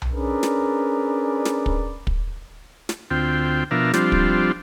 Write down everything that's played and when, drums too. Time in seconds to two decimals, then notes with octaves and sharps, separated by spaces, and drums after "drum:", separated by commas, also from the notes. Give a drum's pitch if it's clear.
0.02 drum: tom B1
0.12 C#4 D4 G#4 A#4 B4 D5
0.43 drum: snare
1.45 drum: snare
1.66 drum: kick
2.07 drum: kick
2.89 drum: snare
3.11 D2 C4 F4 G5
3.71 B2 F3 D4 A#4 E5 F5
3.94 F3 G3 C4 D4 F4, drum: snare
4.12 drum: kick